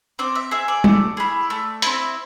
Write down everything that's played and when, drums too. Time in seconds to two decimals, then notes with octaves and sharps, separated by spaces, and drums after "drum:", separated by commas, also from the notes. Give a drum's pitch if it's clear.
0.19 C4 D5
0.35 E5
0.51 G#4 E5
0.68 D5
0.84 A3, drum: tom
1.17 E4 G#4
1.50 A3
1.82 C4 E4, drum: hi-hat